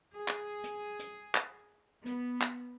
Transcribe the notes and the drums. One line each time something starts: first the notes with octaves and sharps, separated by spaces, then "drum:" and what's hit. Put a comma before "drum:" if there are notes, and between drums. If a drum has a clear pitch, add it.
G#4
drum: clap
drum: hi-hat
drum: hi-hat
drum: clap
B3, drum: hi-hat
drum: clap